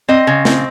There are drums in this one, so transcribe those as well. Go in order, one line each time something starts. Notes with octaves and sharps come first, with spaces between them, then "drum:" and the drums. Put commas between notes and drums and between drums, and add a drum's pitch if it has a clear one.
C4 D#5
C#3
C4, drum: snare